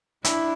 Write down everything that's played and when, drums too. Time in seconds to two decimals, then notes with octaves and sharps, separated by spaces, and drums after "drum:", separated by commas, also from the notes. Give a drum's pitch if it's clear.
0.25 D4 E4, drum: hi-hat